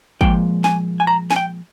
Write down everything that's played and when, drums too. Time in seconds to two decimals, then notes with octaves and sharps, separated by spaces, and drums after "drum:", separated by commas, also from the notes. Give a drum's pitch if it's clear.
0.21 A#2 F3 G#3 G5, drum: kick
0.64 G#5, drum: snare
1.00 G#5
1.07 A#5
1.31 G#5, drum: snare
1.36 G5